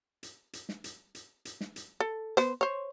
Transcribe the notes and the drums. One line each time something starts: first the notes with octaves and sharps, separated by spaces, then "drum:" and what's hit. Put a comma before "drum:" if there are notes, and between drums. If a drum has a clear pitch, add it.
drum: hi-hat
drum: hi-hat
drum: snare
drum: hi-hat
drum: hi-hat
drum: hi-hat
drum: snare
drum: hi-hat
A4
B3 C5, drum: hi-hat
C5 C#5